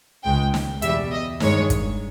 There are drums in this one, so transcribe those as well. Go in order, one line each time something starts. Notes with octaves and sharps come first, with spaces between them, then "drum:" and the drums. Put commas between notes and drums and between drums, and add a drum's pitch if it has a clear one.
C#2 C#3 G#3 G5
drum: snare
E2 B2 G3 E5, drum: hi-hat
D#5
G2 D#3 G#3 C#5, drum: snare
drum: kick, hi-hat